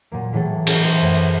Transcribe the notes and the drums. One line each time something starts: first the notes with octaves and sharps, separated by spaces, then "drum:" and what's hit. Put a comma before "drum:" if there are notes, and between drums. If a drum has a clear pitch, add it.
A#2 F#3 A#3
A2 E3 F#3 A3 G#4 A4
C#4 G#4 A#4, drum: cymbal
G#4 B4 C5 E5 G5
F#2 F#3 A3